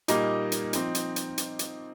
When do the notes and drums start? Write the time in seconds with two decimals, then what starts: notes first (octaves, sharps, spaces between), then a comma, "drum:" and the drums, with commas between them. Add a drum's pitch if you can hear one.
0.08 A#2 G3 A#3 D#4 D#5, drum: hi-hat
0.52 drum: hi-hat
0.73 F3 C4 D#4, drum: hi-hat
0.95 drum: hi-hat
1.16 drum: hi-hat
1.38 drum: hi-hat
1.59 drum: hi-hat